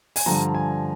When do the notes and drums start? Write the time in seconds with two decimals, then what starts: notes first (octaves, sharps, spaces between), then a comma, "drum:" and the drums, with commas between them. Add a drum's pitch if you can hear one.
0.16 G#5, drum: open hi-hat
0.26 G2 D3 F3 A#5
0.55 G#5